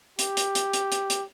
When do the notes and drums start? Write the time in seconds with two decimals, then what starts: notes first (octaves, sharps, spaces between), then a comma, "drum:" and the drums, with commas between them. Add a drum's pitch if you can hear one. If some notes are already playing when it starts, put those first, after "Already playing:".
0.19 G4, drum: hi-hat
0.37 drum: hi-hat
0.55 drum: hi-hat
0.73 drum: hi-hat
0.92 drum: hi-hat
1.10 drum: hi-hat